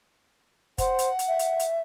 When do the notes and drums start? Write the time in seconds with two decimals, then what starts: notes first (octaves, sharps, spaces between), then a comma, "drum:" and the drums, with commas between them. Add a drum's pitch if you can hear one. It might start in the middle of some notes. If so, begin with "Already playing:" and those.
0.78 C5 F#5, drum: kick, hi-hat
0.99 drum: hi-hat
1.19 drum: hi-hat
1.28 E5
1.39 drum: hi-hat
1.59 drum: hi-hat